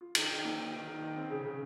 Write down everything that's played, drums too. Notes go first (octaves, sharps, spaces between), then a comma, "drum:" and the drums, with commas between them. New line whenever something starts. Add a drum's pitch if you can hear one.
F4
D#3, drum: cymbal
D#3
A#3
D#3
D#3
D#3
D#3
C4
C#3
C#3